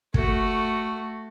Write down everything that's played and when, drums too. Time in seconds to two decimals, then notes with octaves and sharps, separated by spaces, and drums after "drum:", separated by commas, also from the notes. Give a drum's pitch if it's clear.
0.14 A3 F#4, drum: kick